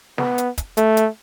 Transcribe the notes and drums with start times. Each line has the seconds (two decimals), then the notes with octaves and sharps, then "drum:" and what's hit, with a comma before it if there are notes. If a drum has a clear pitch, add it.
0.18 B3, drum: snare
0.38 drum: hi-hat
0.58 drum: kick, hi-hat
0.77 A3, drum: hi-hat
0.97 drum: hi-hat